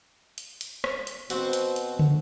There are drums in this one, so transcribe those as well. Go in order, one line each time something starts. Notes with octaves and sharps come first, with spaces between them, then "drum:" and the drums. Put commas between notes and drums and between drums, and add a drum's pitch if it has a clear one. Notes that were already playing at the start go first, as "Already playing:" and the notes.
drum: hi-hat
drum: hi-hat
drum: rim click
drum: hi-hat
B2 C4 F#4, drum: hi-hat
drum: hi-hat
drum: hi-hat
drum: tom